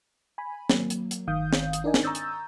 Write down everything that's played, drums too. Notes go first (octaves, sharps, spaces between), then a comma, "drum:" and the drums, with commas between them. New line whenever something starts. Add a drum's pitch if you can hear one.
G#5 B5
F#3 A#3, drum: snare
drum: hi-hat
drum: hi-hat
G1 D#3 F5 D#6 G6
drum: snare
drum: hi-hat
D4 D#4 A#4 D5 D#5 G#5
drum: snare
A#5 C#6 D#6 E6 G6 A6
drum: hi-hat